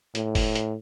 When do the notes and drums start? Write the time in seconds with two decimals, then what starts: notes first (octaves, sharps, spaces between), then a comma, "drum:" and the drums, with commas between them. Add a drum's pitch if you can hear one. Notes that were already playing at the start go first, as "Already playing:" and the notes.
0.15 A2, drum: hi-hat
0.35 drum: kick, open hi-hat
0.55 drum: hi-hat